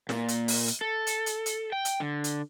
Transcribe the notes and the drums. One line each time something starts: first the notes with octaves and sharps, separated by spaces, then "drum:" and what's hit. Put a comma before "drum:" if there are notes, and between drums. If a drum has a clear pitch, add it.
A#2, drum: snare
drum: hi-hat
drum: open hi-hat
drum: hi-hat
A4
drum: hi-hat
drum: hi-hat
drum: hi-hat
G5
drum: hi-hat
D3
drum: hi-hat